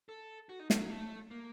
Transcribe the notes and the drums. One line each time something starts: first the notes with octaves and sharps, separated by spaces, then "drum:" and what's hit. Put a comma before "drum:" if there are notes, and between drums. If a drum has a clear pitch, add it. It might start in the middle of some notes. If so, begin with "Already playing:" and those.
A4
F#4
D#4
A3, drum: snare
F#3
A3
A#3